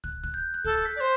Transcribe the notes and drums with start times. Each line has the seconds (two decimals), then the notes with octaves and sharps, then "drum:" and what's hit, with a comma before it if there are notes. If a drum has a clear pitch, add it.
0.04 F#6, drum: kick
0.24 F#6, drum: kick
0.34 G6
0.54 F#6
0.65 A4 G6, drum: kick
0.85 B6
0.96 D5
0.98 C5 F#6